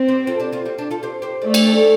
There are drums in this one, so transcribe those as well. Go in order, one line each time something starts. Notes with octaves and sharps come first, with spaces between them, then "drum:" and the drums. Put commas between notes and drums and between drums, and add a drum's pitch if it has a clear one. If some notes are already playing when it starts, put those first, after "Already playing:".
Already playing: C4
G4 C5
F4 A4
D4 G4
C4 F4
G3 C4
D4 G4
F4 A4
G4 C5
G4 C5
A3 D5
drum: cymbal
A4 D5